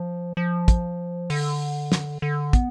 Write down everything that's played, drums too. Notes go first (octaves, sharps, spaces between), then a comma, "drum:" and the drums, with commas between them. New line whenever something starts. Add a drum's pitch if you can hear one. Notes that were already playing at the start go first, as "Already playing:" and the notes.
Already playing: F3
F3
drum: kick, hi-hat
D3, drum: open hi-hat
drum: snare
D3
B3, drum: kick, hi-hat